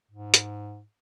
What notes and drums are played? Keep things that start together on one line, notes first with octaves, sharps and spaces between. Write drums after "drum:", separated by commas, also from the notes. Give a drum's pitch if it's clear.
G#2
drum: hi-hat